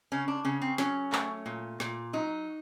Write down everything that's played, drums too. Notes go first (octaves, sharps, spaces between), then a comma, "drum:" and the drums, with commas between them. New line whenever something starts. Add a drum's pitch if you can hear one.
C#3 C#4
D4
C#3 C#4
C4
F#3 C#4, drum: snare
A3, drum: clap
A#2
A#2, drum: snare
F#3 D#4